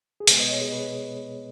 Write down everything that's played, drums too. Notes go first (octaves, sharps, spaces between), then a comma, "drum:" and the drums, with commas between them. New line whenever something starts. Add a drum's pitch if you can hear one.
G#4
B2 G#3 B3 B4, drum: hi-hat
D#5
C#5
G#4
B4